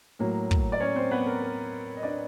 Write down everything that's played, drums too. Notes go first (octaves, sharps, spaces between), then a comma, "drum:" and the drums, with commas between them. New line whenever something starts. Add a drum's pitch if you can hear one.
A2 F#3 A#3
drum: kick
D5
C#4 C#5
C4 C5
B3 B4
A#4
A#4
D#5
D4 D5